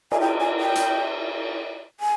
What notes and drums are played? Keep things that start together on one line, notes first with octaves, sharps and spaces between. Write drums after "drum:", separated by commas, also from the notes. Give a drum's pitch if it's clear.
G#5, drum: cymbal
G5
G#5
G5
drum: hi-hat
G#5